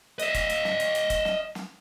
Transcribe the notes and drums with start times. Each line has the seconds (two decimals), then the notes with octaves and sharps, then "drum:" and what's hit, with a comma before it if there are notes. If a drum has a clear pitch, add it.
0.19 D#5 E5, drum: hi-hat
0.34 drum: kick E1, hi-hat
0.50 drum: hi-hat
0.65 drum: snare
0.80 drum: hi-hat
0.95 drum: hi-hat
1.10 drum: kick E1, hi-hat
1.25 drum: snare
1.55 drum: snare